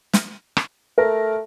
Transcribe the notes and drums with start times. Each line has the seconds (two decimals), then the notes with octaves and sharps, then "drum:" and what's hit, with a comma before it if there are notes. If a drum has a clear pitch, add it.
0.13 drum: snare
0.57 drum: rim click
0.98 A3 A#4